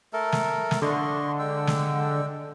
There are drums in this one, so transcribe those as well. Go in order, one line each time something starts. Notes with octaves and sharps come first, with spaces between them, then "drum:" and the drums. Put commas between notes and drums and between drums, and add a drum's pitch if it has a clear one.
A3 A4 A#4
drum: snare
drum: snare
D3 D#5 C6 C#6
G#3 G5 E6
drum: snare